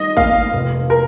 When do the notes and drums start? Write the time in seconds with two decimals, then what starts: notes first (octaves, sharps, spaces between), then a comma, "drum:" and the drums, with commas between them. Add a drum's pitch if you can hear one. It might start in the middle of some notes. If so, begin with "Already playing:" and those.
Already playing: D#3 G3 D#5
0.17 A#3 F5, drum: kick A1
0.53 F1
0.90 A#4